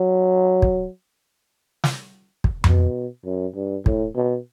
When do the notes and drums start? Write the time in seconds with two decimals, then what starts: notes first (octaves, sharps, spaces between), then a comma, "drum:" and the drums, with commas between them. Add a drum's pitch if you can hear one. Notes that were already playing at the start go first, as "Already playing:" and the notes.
Already playing: F#3
0.62 drum: kick
1.84 drum: snare
2.44 drum: kick
2.64 B2, drum: tom F2
3.25 F#2
3.56 G2
3.86 A2, drum: kick
4.16 B2